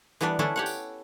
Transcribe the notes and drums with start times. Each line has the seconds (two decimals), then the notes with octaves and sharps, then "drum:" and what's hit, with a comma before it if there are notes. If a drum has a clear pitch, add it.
0.21 E3 G3 B3 D4 D5
0.39 C#4 D4 E4 A4, drum: tom
0.56 G4 C#5 F#5
0.66 drum: tambourine